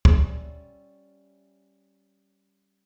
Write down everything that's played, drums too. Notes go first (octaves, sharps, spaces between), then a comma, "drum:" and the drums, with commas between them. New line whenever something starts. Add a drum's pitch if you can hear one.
G3 C#4 F4 E5, drum: kick